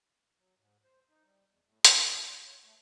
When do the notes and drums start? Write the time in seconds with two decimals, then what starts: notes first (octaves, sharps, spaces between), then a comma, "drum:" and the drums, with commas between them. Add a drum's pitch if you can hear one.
0.38 F#3
0.58 G#2
0.84 C5
1.10 D#4
1.24 G3
1.49 E2
1.66 A2
1.85 G#4, drum: hi-hat
2.04 B3
2.31 D#5
2.46 C#5
2.64 A3